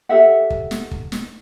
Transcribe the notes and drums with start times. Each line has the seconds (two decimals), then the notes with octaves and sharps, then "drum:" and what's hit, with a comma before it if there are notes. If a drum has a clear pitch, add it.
0.09 G4 A4 E5 F#5
0.50 drum: kick
0.71 drum: snare
0.91 drum: kick
1.12 drum: snare